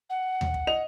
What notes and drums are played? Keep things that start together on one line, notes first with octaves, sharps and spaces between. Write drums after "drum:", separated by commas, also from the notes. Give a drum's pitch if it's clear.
F#5
drum: tom D#2
drum: kick
D#5 F7